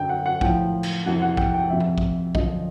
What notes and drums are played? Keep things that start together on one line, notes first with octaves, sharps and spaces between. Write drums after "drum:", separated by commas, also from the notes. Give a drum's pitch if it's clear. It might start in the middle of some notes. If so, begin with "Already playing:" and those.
Already playing: F#2 D3 F#3 G5
F#5
F#5
A2 F3 G5, drum: kick
drum: cymbal
F2 C3 E3 F#5
F#5
G5, drum: kick
G5
F2 C3 F3 E5
drum: tom G#2
drum: kick
F#2 D3 F3 D#5, drum: kick